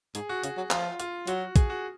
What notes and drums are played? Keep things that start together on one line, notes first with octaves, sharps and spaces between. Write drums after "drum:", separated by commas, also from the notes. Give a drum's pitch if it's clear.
G#2 G#4, drum: hi-hat
F#4
C#3 F#4, drum: hi-hat
F#3
F3 F4, drum: clap
F4, drum: hi-hat
F#3 F#4, drum: hi-hat
G#4, drum: kick, hi-hat
F#4